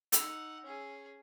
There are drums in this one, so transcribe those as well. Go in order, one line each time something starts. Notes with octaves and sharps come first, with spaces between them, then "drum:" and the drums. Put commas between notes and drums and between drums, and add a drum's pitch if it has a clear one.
D#4 F#5 E6 F7, drum: hi-hat
C#4 G#4